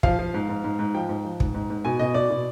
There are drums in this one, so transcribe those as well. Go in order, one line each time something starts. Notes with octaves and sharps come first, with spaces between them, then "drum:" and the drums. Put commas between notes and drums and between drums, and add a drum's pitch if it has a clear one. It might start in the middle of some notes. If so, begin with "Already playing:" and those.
F3 F5, drum: kick
F3
G#2
G#2
G#2
G#2
F3 G5
G#2
F3
G#2, drum: kick
G#2
G#2
B2 G#5
B2 D#5
B2 D5
B2